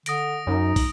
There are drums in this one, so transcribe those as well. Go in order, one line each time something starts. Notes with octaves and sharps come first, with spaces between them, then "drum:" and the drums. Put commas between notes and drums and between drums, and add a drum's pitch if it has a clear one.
D3 D#6 A#6 D7, drum: hi-hat
F#2 D#4
drum: kick, open hi-hat